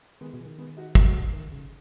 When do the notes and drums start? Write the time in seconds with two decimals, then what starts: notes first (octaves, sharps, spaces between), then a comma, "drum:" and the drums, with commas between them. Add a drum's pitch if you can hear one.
0.21 D#3 G#3 B3
0.34 B2
0.40 E3
0.45 D#3
0.58 G#3 B3
0.77 D#4 F#4
0.95 F#4 A4, drum: kick
1.33 D#3
1.52 C#3